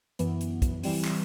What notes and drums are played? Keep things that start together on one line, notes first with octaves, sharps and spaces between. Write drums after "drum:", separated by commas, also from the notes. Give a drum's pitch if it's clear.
F#2 E3 B3, drum: hi-hat
drum: hi-hat
drum: kick, hi-hat
E3 G3 C4, drum: open hi-hat
drum: clap